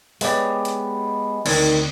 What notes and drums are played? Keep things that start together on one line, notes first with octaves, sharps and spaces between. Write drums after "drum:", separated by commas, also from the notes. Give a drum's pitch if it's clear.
G#3 B3 G4 B4 C#5 D5, drum: open hi-hat
drum: hi-hat
D2 D#3 C4 D5 D#6 G#6, drum: cymbal